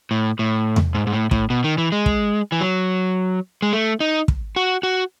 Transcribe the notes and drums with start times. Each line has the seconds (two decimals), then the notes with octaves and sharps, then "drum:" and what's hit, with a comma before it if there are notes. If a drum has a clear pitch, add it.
0.11 A2
0.39 A2
0.76 drum: tom E2
0.95 G#2
1.07 G#2
1.13 A2
1.31 A2, drum: kick
1.50 B2
1.64 D#3
1.78 E3
1.92 G#3
2.06 drum: kick
2.52 E3
2.61 F#3
3.62 G#3
3.73 A3
4.00 D#4
4.28 drum: kick
4.56 F#4
4.83 F#4